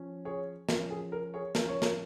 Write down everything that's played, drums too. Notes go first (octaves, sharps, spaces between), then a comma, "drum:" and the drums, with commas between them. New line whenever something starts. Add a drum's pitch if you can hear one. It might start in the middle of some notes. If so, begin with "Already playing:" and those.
Already playing: F3 C#4
G#4 C#5
F3 C#4 A#4, drum: snare
G#4
A#4
G#4 C#5
F3 C#4 A#4, drum: snare
C#5
A#4, drum: snare